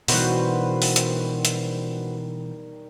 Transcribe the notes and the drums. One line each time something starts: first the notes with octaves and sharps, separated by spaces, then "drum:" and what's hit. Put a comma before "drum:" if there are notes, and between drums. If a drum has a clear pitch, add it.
B2 D#3 E3 G3 F#4 B4 C5, drum: open hi-hat
drum: open hi-hat
drum: hi-hat
drum: hi-hat